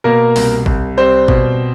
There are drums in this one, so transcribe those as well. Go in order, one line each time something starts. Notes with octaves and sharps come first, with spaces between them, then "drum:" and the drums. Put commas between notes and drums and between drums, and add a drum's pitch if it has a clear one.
B2 A#3 A#4
C2, drum: open hi-hat
C2, drum: kick G#1
G3 C4 C5
B2, drum: kick G#1